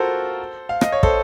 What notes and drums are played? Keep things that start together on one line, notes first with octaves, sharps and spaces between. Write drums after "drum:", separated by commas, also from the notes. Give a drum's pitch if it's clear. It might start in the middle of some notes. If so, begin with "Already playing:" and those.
Already playing: F4 F#4 A4 A#4 C5
F5
D#5, drum: rim click
C#5
A4 C5, drum: kick